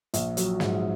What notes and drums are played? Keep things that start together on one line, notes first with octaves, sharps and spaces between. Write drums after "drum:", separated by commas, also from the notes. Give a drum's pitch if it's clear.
A#1, drum: hi-hat
F#3, drum: hi-hat
G#2, drum: snare